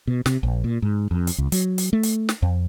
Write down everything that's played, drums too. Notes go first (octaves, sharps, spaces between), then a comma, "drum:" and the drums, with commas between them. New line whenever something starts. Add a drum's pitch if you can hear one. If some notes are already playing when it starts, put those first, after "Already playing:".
B2
C3, drum: snare
A#1
A#2
G#2
F2
drum: hi-hat
C#2
F#3, drum: hi-hat
drum: hi-hat
A3
drum: hi-hat
drum: snare
F2